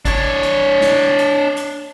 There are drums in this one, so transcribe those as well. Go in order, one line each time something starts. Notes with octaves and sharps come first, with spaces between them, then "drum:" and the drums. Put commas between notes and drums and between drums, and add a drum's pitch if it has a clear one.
D4 C#5, drum: kick G#1, hi-hat
drum: hi-hat
drum: snare
drum: hi-hat
drum: hi-hat